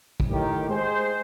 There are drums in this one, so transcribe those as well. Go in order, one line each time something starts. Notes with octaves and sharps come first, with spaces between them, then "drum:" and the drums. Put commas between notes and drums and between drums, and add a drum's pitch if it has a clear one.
drum: kick
A2 D#3 G4
G#3 G#4 C5